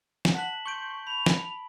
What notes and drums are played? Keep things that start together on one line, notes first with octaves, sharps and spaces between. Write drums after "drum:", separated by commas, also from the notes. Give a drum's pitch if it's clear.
drum: snare
F#5 A5 F#6 B6 F#7
C6 C#6 G6 D7 G7
B5 F7
drum: snare